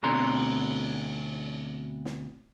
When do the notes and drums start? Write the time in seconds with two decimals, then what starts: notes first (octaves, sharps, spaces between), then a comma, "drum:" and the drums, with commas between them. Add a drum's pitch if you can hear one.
0.03 D2 B2 C4 D4 A#5 C6, drum: cymbal
2.05 drum: snare